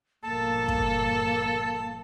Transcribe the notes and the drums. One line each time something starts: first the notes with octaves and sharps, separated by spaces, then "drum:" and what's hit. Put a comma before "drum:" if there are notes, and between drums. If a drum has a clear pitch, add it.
G1 A#2 F3 A#3 A4 A5
drum: kick